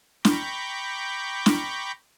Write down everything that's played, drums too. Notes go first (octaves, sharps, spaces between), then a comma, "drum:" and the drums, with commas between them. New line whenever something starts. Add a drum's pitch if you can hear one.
G5 A#5 B5 C#6 D6 G6, drum: snare
drum: snare